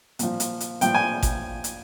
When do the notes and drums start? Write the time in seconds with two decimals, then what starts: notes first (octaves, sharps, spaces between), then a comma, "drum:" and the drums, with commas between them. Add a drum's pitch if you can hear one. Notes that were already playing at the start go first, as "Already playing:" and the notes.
0.19 A#2 F3, drum: hi-hat
0.40 drum: hi-hat
0.60 drum: hi-hat
0.81 A#2 F3 G5, drum: hi-hat
0.94 G#5
1.23 drum: kick G#1, hi-hat
1.64 drum: hi-hat